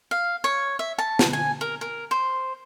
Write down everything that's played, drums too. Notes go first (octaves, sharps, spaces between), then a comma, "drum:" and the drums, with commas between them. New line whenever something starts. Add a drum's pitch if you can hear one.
F5
C#5
E5
A5
drum: snare
G#5
A#4
A#4
C5